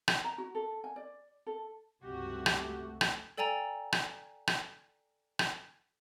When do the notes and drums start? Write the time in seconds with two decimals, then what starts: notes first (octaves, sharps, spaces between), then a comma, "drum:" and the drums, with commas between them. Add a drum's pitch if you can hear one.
0.08 drum: rim click
0.24 A#5
0.38 F#4
0.55 A4
0.84 G#5
0.96 D5
1.47 A4
2.03 C#2 G2 C3 A3 F#4 G4
2.46 drum: rim click
3.01 drum: rim click
3.38 A4 D5 G5 G#5 A#5 A6
3.92 drum: rim click
4.47 drum: rim click
5.39 drum: rim click